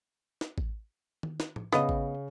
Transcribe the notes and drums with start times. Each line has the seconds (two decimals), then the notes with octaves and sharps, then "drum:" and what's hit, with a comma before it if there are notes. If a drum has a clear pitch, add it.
0.41 drum: snare
0.58 drum: kick A1
1.23 drum: tom D#3
1.40 drum: snare
1.56 drum: tom
1.72 C#3 B3 D#5, drum: snare
1.89 drum: kick A1